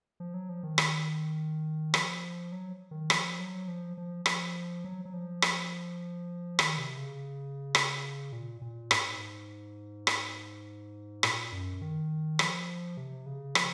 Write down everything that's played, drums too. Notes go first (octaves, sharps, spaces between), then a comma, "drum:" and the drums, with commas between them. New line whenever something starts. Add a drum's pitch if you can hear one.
F3
F#3
F3
D#3
drum: rim click
F3, drum: rim click
F#3
D#3
F3, drum: rim click
F#3
F3
F3
F3, drum: rim click
F#3
F#3
F3
drum: rim click
D#3, drum: rim click
C3
C#3
drum: rim click
A#2
A#2
G#2, drum: rim click
drum: rim click
A#2, drum: rim click
F#2
D#3
F3, drum: rim click
C3
C#3
F3, drum: rim click